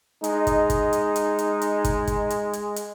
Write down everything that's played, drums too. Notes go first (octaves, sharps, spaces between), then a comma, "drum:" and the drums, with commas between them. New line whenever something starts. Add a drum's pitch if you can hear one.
G#3 D#4, drum: hi-hat
drum: kick, hi-hat
drum: kick, hi-hat
drum: hi-hat
drum: hi-hat
drum: hi-hat
drum: hi-hat
drum: kick, hi-hat
drum: kick, hi-hat
drum: hi-hat
drum: hi-hat
drum: hi-hat